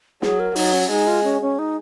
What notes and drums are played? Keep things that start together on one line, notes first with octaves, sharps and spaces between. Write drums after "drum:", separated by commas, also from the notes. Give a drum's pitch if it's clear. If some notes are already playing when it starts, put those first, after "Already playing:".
F#3 G#4, drum: snare
A#4
F#3 D#4, drum: open hi-hat
C#4
G#3 D#4
F4
C#4
C#4
D#4